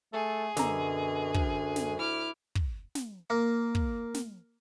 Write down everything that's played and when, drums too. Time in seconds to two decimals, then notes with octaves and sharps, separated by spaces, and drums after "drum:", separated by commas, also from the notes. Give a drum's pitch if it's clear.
0.13 A3 G#4 A4
0.57 F#2 B2 D3 A#5, drum: snare
1.34 D2, drum: kick
1.76 drum: snare
1.99 E4 D6 F6
2.55 drum: kick
2.95 drum: snare
3.30 A#3
3.75 drum: kick
4.14 drum: snare